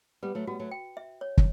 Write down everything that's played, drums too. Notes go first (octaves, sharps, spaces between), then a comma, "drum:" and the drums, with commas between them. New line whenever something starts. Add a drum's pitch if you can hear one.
G3 B3 B4
F#3 A3
G3 B3 F#4
F#3 A3
G5
E5
C#5
drum: kick